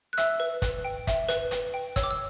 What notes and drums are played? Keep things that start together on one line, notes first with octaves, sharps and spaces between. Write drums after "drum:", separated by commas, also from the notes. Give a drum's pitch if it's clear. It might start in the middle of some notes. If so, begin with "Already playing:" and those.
F#6
E5 E6, drum: hi-hat
B4
B4, drum: kick, hi-hat
G5
E5, drum: kick, hi-hat
B4, drum: hi-hat
B4, drum: hi-hat
G5
C#5 E6, drum: kick, hi-hat
D6
E6